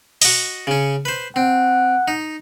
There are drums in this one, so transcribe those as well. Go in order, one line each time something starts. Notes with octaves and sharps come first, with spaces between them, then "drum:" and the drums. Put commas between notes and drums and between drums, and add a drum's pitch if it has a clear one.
F#4 D#5, drum: open hi-hat
C#3 C#4
B4 C5
C4 F#5
D#4